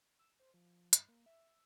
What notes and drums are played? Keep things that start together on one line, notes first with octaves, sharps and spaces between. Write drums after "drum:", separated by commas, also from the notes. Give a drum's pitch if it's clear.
E6
C5
F3
G2, drum: hi-hat
A#3
E5
E5